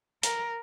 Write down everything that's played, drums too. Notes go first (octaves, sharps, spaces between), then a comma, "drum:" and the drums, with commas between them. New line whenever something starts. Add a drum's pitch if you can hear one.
A#4, drum: hi-hat